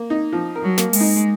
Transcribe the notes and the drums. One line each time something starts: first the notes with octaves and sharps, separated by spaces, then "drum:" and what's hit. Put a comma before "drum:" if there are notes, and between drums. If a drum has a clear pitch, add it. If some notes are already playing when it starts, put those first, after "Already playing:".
Already playing: A#3
D#4
F3
A#4
F#3
A#3, drum: snare
G#3, drum: open hi-hat
D#4